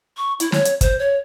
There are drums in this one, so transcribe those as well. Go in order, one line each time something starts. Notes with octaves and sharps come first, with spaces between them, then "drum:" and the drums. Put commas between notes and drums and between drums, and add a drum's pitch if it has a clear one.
C#6
E4, drum: hi-hat
C#5, drum: snare
drum: hi-hat
C5, drum: kick, hi-hat
C#5